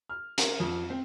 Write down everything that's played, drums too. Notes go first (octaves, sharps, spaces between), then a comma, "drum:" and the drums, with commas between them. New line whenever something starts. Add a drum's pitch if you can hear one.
F6
A#4, drum: hi-hat
F2
C4